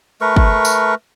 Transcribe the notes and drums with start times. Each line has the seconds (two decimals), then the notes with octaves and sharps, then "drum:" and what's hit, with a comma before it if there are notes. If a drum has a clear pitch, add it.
0.21 A3 A#4 B4 C#6
0.36 drum: kick
0.65 drum: tambourine